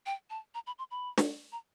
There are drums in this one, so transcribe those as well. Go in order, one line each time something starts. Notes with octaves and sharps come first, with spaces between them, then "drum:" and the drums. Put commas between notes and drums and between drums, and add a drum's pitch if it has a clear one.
G5
A5
A#5
B5
C6
B5
drum: snare
A#5